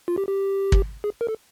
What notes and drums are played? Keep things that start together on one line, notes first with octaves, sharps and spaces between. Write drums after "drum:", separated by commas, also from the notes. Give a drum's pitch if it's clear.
F4
G4
G4
drum: kick
G#4
A#4
A4